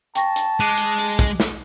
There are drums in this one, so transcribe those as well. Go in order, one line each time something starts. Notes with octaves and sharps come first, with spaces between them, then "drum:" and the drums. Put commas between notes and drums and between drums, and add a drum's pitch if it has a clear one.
G5 A5 C#6 A#6, drum: hi-hat
drum: hi-hat
G#3 D6 F#6 D#7
drum: hi-hat
drum: hi-hat
drum: kick, hi-hat
drum: snare